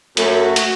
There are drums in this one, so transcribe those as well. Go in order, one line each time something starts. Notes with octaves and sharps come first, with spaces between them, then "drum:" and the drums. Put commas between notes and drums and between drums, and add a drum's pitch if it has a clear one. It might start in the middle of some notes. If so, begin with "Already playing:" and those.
F#2 A3, drum: hi-hat
F#4
drum: hi-hat